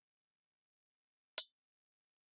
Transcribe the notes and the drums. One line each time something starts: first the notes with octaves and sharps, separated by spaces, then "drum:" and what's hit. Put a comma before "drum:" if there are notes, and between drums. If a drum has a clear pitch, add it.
C2 F3
C4
drum: hi-hat
F#2